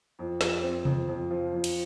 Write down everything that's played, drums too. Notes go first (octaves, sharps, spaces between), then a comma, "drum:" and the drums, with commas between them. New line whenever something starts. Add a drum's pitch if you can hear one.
F2
F2, drum: snare
C4
F2, drum: tom C3
F2
F3
F2
drum: cymbal